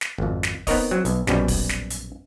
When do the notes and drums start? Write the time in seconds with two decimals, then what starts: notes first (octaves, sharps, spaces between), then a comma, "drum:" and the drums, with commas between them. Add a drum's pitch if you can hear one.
0.01 drum: snare
0.18 G#1 F2
0.43 drum: snare
0.67 B3 C4 D#4 A#4 C#5 D#5, drum: kick, open hi-hat
0.91 F#3 C4
1.05 B1, drum: hi-hat
1.27 A#1 F#2 B2 G3, drum: snare
1.48 drum: kick, open hi-hat
1.69 drum: snare
1.90 drum: hi-hat